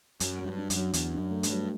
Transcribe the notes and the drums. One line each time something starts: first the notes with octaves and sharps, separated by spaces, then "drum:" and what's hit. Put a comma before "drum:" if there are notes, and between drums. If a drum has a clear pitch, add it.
F#2 F#3, drum: hi-hat
F#3
G2
D4
F#2, drum: hi-hat
F#3
E2 D4, drum: hi-hat
D4
F#2
A3
G2, drum: hi-hat
F#3